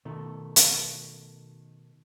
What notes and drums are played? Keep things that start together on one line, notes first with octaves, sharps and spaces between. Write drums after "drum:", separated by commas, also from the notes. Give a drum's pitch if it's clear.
B2 D#3 A3
drum: hi-hat